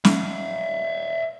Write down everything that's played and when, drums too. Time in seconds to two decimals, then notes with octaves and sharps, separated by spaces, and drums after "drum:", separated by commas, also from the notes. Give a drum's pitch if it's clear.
0.05 E5 F5, drum: snare